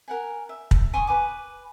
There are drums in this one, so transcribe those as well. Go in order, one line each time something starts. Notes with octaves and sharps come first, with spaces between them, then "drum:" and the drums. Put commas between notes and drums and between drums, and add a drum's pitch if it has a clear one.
A#4 F#5 G#5
E5
drum: kick
G#5 C6 C#6 D#6
B4 G#5 D6